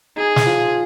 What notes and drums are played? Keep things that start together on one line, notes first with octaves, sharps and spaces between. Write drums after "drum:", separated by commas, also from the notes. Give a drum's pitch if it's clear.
D#4 G#4
drum: snare
F3 F4